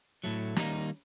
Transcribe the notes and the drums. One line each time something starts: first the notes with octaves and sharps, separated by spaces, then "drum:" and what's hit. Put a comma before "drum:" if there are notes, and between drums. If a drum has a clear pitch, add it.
A2 F#3 A3
D#3 G3 A#3 D#4, drum: snare